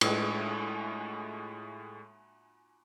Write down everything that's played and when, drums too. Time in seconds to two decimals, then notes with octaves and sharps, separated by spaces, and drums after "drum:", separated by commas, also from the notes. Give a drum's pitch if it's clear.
0.01 A2 G#3, drum: cymbal